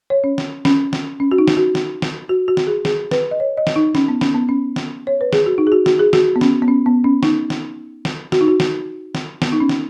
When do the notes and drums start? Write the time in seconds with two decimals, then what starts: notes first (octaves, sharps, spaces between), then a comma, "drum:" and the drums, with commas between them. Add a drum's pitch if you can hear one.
0.10 C#5
0.24 C#4
0.38 drum: snare
0.65 C#4, drum: snare
0.93 drum: snare
1.20 C#4
1.31 F#4
1.38 D#4
1.48 drum: snare
1.57 F#4
1.75 drum: snare
2.02 drum: snare
2.29 F#4
2.48 F#4
2.57 drum: snare
2.67 G#4
2.85 G#4, drum: snare
3.11 B4, drum: snare
3.31 D#5
3.40 C#5
3.57 D#5
3.67 drum: snare
3.76 D#4
3.95 C#4, drum: snare
4.08 B3
4.21 C#4, drum: snare
4.35 B3
4.49 C#4
4.76 drum: snare
5.07 C#5
5.21 B4
5.33 G#4, drum: snare
5.46 F#4
5.58 D#4
5.67 G#4
5.72 F#4
5.86 F#4, drum: snare
5.99 G#4
6.13 F#4, drum: snare
6.36 B3
6.41 C#4, drum: snare
6.62 B3
6.68 C#4
6.86 B3
7.04 C#4
7.23 D#4, drum: snare
7.50 drum: snare
8.05 drum: snare
8.32 F#4, drum: snare
8.41 D#4
8.48 F#4
8.60 drum: snare
9.15 drum: snare
9.42 B3, drum: snare
9.52 D#4
9.60 C#4
9.69 drum: snare